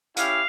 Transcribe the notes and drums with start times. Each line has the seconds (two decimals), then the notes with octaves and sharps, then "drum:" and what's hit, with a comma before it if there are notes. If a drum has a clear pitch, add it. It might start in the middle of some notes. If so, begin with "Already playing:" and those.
0.17 C#4 E4 G4 F5, drum: hi-hat